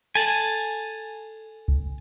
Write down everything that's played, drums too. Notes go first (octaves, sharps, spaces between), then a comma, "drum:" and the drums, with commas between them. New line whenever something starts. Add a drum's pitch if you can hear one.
A4 G#5 A5 F7 F#7, drum: cymbal
drum: kick C#2